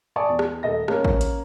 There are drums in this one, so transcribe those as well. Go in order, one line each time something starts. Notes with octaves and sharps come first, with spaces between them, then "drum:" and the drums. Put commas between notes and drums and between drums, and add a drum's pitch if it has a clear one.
D5 G#5 A5 C#6 D#6
E2
drum: rim click
D#1 A4 D#5 A#6
A#3 C#4 A#4, drum: rim click
drum: kick
drum: hi-hat